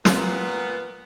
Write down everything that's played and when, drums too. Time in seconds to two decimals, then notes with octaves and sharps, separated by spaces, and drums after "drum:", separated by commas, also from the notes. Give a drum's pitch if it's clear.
0.05 A#2 B3, drum: snare